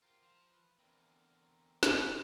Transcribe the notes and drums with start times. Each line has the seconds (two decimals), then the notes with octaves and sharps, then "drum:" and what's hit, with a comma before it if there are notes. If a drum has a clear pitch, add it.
0.02 F4 G4 A#4 C5 C6
0.22 F3
0.51 B4
0.78 E2 D3 C4 A#4
1.83 drum: snare